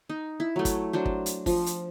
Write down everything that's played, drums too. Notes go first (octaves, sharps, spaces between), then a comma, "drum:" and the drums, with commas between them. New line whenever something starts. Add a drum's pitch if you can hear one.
D#4
E4
F#3 A3
drum: kick, hi-hat
F#3 D4 C5
drum: kick
drum: hi-hat
F3, drum: kick, open hi-hat
drum: hi-hat